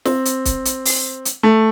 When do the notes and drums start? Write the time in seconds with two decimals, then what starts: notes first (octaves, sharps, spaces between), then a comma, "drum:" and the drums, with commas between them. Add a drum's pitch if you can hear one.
0.05 C4, drum: snare
0.25 drum: hi-hat
0.45 drum: kick, hi-hat
0.65 drum: hi-hat
0.85 drum: open hi-hat
1.25 drum: hi-hat
1.43 A3